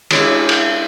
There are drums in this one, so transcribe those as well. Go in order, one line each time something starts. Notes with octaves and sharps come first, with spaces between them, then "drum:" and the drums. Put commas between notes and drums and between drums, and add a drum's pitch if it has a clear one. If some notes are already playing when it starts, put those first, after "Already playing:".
G#3 C#4 D4 E4, drum: cymbal
drum: cymbal